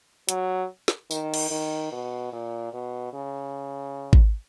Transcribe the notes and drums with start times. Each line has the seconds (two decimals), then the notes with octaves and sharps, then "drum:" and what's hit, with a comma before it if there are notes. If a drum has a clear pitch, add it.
0.29 F#3, drum: hi-hat
0.88 drum: snare
1.11 D#3, drum: tambourine
1.34 drum: cymbal
1.51 D#3
1.92 B2
2.33 A#2
2.73 B2
3.13 C#3
4.13 drum: kick G#1